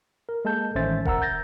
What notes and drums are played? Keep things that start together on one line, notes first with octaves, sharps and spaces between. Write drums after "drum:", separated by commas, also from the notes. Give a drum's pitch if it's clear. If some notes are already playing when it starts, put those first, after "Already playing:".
A#4
G#3 A#3 A4 A5 G6
A1 D#3 C#4 C5 E5 A6
A#4 F#5 A#5 E6, drum: kick E1
G6 A6 A#6